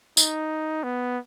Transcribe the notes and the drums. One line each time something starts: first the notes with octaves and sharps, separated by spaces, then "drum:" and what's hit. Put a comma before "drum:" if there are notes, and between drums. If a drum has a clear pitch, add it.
D#4, drum: tambourine
B3